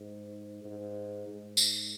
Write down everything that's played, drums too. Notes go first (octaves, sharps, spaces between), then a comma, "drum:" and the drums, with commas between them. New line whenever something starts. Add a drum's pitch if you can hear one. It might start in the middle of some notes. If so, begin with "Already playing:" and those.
Already playing: G#2
G#2
G#2
drum: tambourine